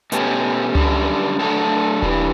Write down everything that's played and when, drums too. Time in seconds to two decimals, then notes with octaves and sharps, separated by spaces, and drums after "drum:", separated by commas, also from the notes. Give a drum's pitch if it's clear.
0.12 B2 A3 C#4 G4, drum: hi-hat
0.75 F#2 D3 G3, drum: tom C#2
1.39 F#3 A3 D4 F#4 A4
2.02 G2 E3 G3, drum: kick D#1